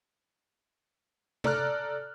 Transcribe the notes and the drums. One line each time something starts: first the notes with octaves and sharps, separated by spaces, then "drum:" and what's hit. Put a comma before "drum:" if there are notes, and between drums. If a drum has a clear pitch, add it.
A4 D5 A#5 F6 F#6, drum: tom C3